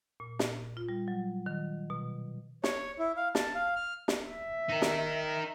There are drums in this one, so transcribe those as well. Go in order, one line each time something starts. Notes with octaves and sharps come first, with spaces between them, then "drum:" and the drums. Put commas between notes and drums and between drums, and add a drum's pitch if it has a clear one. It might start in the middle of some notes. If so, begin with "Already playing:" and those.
A#2
drum: snare
F4
G3
F#3
D#3
B2
C#5, drum: snare
E4
F5
A5, drum: snare
F5
F6
drum: snare
E5
D#4 A#4
drum: snare